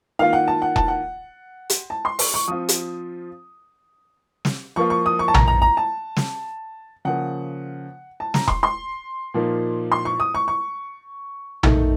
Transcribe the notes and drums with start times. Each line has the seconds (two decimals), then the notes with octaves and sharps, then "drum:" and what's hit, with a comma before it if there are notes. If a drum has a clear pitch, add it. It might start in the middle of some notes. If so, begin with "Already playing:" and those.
0.19 D#3 A#3 F4 F5
0.33 F#5
0.48 A5
0.62 F#5
0.76 A5, drum: kick E1
0.88 F#5
1.70 drum: hi-hat
1.90 A5
2.05 C6
2.19 C#6, drum: open hi-hat
2.34 C#6
2.48 F3 C4 F4 D#6
2.69 drum: hi-hat
4.45 drum: snare
4.76 F3 A#3 F4 C#6
4.90 C#6
5.06 D#6
5.19 C#6
5.28 A5
5.34 A#5, drum: tom A#1
5.48 A#5
5.62 A#5
5.77 A5
6.17 drum: snare
7.05 C#3 F3 A#3 F#5
8.20 A5
8.34 A#5, drum: snare
8.48 C6, drum: kick E1
8.63 C6
9.34 A#2 F3 A#3 D#4
9.92 C6
10.05 C#6
10.20 D#6
10.35 C#6
10.48 C#6
11.63 D#3 A3 D#4, drum: tom A#1